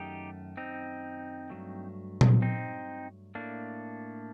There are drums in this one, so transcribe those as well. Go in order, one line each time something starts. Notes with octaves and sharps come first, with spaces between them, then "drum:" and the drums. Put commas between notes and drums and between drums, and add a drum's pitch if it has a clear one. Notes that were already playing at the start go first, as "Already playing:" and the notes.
Already playing: F#2 D#3 A3 D#4 G4
C4 D#4
G2 F#3 A3
drum: tom A#2
C4 D#4
A2 A3 A#3 D4